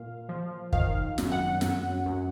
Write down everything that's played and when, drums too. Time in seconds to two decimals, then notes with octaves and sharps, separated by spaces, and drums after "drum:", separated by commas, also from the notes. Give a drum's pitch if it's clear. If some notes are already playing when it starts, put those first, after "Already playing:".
Already playing: A#2 F5
0.29 F3
0.73 D#3 F5, drum: kick
1.18 F#2, drum: snare
1.32 F#5
1.61 F#2, drum: snare
2.06 F#2